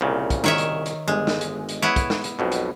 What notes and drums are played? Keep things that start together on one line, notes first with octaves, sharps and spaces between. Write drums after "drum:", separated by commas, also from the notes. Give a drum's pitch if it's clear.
C2 A#2 C#3
drum: kick, hi-hat
D#3 C#5 E5, drum: snare
drum: hi-hat
drum: hi-hat
G1 G#3
drum: snare
drum: hi-hat
drum: hi-hat
B3 E4 B4 C#5
drum: kick, hi-hat
drum: snare
drum: hi-hat
B1 F2 B2
drum: hi-hat